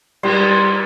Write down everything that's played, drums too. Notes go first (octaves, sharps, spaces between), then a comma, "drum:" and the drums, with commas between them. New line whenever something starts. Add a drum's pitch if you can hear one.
G3 G4 C6, drum: cymbal